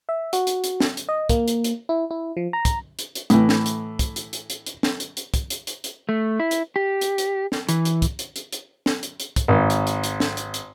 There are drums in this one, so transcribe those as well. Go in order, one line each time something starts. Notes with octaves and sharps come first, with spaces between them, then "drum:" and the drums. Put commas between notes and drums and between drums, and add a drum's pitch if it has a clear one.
E5
F#4, drum: hi-hat
drum: hi-hat
drum: hi-hat
drum: snare
drum: hi-hat
D#5
A#3, drum: kick, hi-hat
drum: hi-hat
drum: hi-hat
E4
E4
F3
A#5
drum: kick, hi-hat
drum: hi-hat
drum: hi-hat
A2 E3, drum: hi-hat
drum: snare
drum: hi-hat
drum: kick, hi-hat
drum: hi-hat
drum: hi-hat
drum: hi-hat
drum: hi-hat
drum: snare
drum: hi-hat
drum: hi-hat
drum: kick, hi-hat
drum: hi-hat
drum: hi-hat
drum: hi-hat
A3
E4
drum: hi-hat
G4
drum: hi-hat
drum: hi-hat
drum: snare
E3, drum: hi-hat
drum: hi-hat
drum: kick, hi-hat
drum: hi-hat
drum: hi-hat
drum: hi-hat
drum: snare
drum: hi-hat
drum: hi-hat
drum: kick, hi-hat
G#1
drum: hi-hat
drum: hi-hat
drum: hi-hat
drum: snare
drum: hi-hat
drum: hi-hat